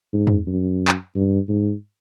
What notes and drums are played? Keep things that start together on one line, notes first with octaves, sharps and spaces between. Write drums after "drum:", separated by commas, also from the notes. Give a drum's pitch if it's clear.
G#2
drum: tom
F#2
drum: clap
G2
G#2